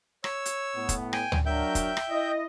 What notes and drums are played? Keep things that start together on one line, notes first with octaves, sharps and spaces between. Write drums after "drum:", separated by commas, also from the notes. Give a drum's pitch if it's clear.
C#5 E6, drum: rim click
drum: hi-hat
A2 B3
drum: kick, hi-hat
G5 G#5, drum: rim click
drum: tom D2
F#3 D4 A#4 E5 G5 G6
drum: kick, hi-hat
drum: rim click
E4 D#5